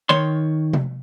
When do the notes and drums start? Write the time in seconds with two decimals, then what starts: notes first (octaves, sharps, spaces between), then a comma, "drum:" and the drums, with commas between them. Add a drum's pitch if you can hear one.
0.09 D#3 C#5 C6
0.73 drum: tom C3